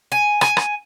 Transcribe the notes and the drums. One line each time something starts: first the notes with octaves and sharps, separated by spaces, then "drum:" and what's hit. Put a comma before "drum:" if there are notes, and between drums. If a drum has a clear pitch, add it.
G#5
G#5, drum: rim click
drum: rim click